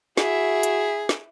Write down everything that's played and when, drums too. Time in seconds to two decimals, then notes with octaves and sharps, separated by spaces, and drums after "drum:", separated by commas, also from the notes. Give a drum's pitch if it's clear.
0.18 E4 F#4 G#4 E5, drum: snare
0.63 drum: hi-hat
1.09 drum: snare